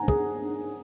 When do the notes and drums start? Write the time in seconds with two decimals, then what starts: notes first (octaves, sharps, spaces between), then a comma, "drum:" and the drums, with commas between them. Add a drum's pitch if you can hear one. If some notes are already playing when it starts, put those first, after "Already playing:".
Already playing: F#5 G#5 A#5
0.08 G#4, drum: kick